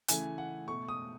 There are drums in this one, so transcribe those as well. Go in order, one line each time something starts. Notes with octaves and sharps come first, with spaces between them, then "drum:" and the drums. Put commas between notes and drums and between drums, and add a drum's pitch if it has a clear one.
C#3 E3 A3 G#5, drum: hi-hat
F#5
B2 A3 C#6
D#6